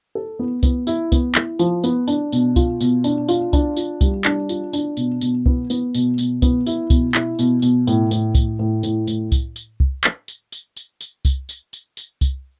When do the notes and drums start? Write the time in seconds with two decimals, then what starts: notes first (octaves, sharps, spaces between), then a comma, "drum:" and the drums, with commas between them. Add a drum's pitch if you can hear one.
0.15 A4
0.39 B3
0.63 B3, drum: kick C2, tambourine
0.87 E4, drum: tambourine
1.12 B3, drum: kick C2, tambourine
1.35 E4, drum: clap
1.59 F3, drum: tambourine
1.84 B3, drum: tambourine
2.08 D4, drum: tambourine
2.32 B2, drum: tambourine
2.56 F4, drum: kick C2, tambourine
2.81 B2, drum: tambourine
3.04 D4, drum: tambourine
3.29 F4, drum: tambourine
3.53 D4, drum: kick C2, tambourine
3.77 F4, drum: tambourine
4.01 G3, drum: kick C2, tambourine
4.25 D4, drum: clap
4.49 F4, drum: tambourine
4.73 D4, drum: tambourine
4.97 B2, drum: tambourine
5.21 B2, drum: tambourine
5.46 B3, drum: kick C2
5.70 B3, drum: tambourine
5.95 B2, drum: tambourine
6.18 B2, drum: tambourine
6.42 B3, drum: kick C2, tambourine
6.66 E4, drum: tambourine
6.90 B2, drum: kick C2, tambourine
7.15 E4, drum: clap
7.39 B2, drum: tambourine
7.62 B2, drum: tambourine
7.87 A2, drum: tambourine
8.11 A2, drum: tambourine
8.35 A2, drum: kick C2, tambourine
8.59 A2
8.83 A2, drum: tambourine
9.07 A2, drum: tambourine
9.32 drum: kick C2, tambourine
9.56 drum: tambourine
9.80 drum: kick C2
10.04 drum: clap
10.28 drum: tambourine
10.52 drum: tambourine
10.77 drum: tambourine
11.01 drum: tambourine
11.25 drum: kick C2, tambourine
11.49 drum: tambourine
11.73 drum: tambourine
11.97 drum: tambourine
12.21 drum: kick C2, tambourine